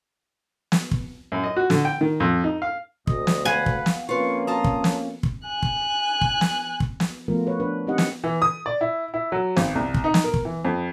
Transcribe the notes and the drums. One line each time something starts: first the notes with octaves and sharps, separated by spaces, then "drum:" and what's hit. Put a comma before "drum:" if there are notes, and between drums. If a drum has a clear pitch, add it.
drum: snare
drum: kick
F#2
D#5
F#4
D3, drum: snare
G5
D#3
F2
D#4
F5
D2 D#5, drum: kick
drum: snare
B4 F5 F#5 G#5
drum: kick
drum: snare
F2 A#3 C#4 F4 B4 C#6
F4 A5 A#5 D#6
drum: kick
drum: snare
drum: kick
G#5 F#6
drum: kick
drum: kick
drum: snare
drum: kick
drum: snare
F3 A3 B3 F4 A#4
B4 C#5
D4 B4
C4 D#4 G4 D#5 F#5
drum: snare
E3
D#6
D5
E4
E4
F#3
G#1, drum: snare
C2
drum: kick
D#4
drum: snare
A#4
drum: kick
E3
F2